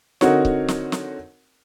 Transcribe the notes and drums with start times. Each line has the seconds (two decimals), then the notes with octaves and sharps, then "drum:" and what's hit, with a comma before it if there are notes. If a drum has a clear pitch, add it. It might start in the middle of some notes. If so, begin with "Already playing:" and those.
0.21 D3 C4 D#4 F#4 A#4 C#5, drum: snare
0.45 drum: kick C#1
0.68 drum: snare
0.92 drum: snare